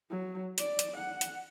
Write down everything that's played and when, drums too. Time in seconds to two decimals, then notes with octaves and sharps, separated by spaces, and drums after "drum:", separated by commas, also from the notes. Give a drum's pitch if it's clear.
0.10 F#3
0.58 D5, drum: hi-hat
0.79 drum: hi-hat
0.96 F#5
1.21 drum: hi-hat